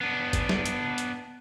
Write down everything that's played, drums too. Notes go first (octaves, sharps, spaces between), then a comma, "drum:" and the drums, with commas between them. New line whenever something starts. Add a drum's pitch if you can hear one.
B3 D4
drum: kick G1, hi-hat
drum: snare
drum: hi-hat
drum: hi-hat